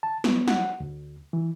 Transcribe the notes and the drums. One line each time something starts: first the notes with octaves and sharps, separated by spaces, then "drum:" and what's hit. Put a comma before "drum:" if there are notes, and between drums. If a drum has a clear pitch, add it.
A5
B3, drum: snare
F#5, drum: snare
D2
E3